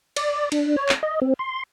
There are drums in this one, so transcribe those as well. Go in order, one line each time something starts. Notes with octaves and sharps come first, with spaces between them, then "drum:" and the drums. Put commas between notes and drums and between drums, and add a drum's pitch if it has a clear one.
D5, drum: cymbal
D4, drum: cymbal
C#5
drum: clap
D#5
C4
C6